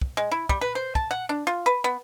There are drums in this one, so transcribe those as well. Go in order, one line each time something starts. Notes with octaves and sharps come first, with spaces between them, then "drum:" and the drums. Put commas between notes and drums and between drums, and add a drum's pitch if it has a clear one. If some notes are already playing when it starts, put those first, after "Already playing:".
drum: kick
G#3
E4
G3, drum: kick
B4
C5
A5, drum: kick
F#5
D4
F4
B4
B3